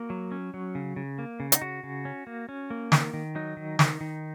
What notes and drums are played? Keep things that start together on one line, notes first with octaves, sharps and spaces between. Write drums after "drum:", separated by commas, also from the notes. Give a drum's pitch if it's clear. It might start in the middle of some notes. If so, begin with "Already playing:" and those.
Already playing: A#3 F#4
F#3
C#4
F#3
C#3
C#3
A#3
C#3
D#4, drum: hi-hat
C#3 F#4
C#3
C#4
A#3
C#4
A#3
D#3, drum: snare
D#3
F#3 D#4
D#3
D#3, drum: snare
D#3